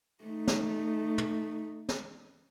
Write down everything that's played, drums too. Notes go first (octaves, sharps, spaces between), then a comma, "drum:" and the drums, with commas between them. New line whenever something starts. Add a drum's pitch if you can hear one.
A3 D#4
drum: snare
drum: tom
drum: snare